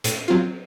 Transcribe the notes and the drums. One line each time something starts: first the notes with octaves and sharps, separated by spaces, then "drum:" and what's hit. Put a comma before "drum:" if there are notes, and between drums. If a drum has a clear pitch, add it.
A2, drum: hi-hat
F#3 C4 F4